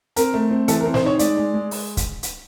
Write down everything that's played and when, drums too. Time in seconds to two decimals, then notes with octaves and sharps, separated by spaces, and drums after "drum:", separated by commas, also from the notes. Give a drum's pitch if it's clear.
0.16 C4 A#4, drum: hi-hat
0.34 A3
0.51 C4
0.68 E3 A4, drum: hi-hat
0.81 A#4
0.86 C4
0.94 C5, drum: snare
1.03 D#4 C#5
1.19 G#3 D5, drum: hi-hat
1.37 G#3
1.54 G#3
1.71 drum: open hi-hat
1.97 drum: kick, hi-hat
2.23 drum: hi-hat